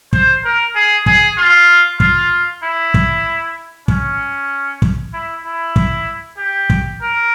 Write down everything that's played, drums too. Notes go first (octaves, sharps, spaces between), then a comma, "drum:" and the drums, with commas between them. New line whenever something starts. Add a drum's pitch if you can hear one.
C5, drum: kick
A#4
G#4
G#4, drum: kick
F4
F4, drum: kick
E4
drum: kick
C#4, drum: kick
drum: kick
E4
E4
drum: kick
G4
drum: kick
A#4